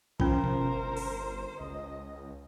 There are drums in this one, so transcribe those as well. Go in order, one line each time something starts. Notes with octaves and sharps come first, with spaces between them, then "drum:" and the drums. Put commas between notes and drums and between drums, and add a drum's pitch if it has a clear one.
F3 C#4 F4 A#4 C5, drum: kick B1
drum: tom B2
G1
drum: open hi-hat
C#2 D#5